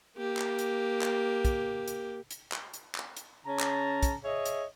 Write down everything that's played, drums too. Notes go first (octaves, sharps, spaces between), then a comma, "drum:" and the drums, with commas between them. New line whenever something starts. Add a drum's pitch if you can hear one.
A#3 G4
drum: clap
drum: hi-hat
drum: clap
drum: kick, hi-hat
drum: hi-hat
drum: hi-hat
drum: clap
drum: hi-hat
drum: clap
drum: hi-hat
C#3 C#4 A5 A#5
drum: clap
drum: kick, hi-hat
G#4 C#5 D#5 E5
drum: hi-hat